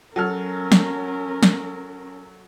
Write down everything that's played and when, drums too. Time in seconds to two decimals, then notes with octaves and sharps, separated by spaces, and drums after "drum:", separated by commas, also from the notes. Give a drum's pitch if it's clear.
0.16 F#3 C#4 A4 A#4 F6
0.72 drum: snare
1.43 drum: snare